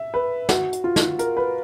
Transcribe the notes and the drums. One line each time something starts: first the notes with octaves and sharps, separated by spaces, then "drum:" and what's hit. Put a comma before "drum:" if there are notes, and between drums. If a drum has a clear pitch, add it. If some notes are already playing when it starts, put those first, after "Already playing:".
Already playing: E5
B4
F#4, drum: snare
drum: hi-hat
F4
drum: snare
A#4, drum: hi-hat
B4